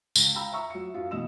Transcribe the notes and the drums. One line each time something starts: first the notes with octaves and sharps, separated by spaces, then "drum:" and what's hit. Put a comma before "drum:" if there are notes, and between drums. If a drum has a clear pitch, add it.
C#2, drum: tambourine
F5 G5 A#5 B5 E6
E5 A#5 C#6 E6
F#3 E5 C#7
F#2 F4
B2 E3 D#5 E6 E7